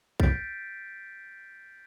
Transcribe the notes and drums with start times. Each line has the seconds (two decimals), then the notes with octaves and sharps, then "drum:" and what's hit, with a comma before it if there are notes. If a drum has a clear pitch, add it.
0.20 F6 G6 A6 B6 C7 D7, drum: kick